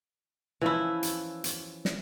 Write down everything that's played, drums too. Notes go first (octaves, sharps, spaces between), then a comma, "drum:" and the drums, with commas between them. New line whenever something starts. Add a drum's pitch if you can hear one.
E3 F3 C#4 E4
drum: hi-hat
drum: hi-hat
drum: snare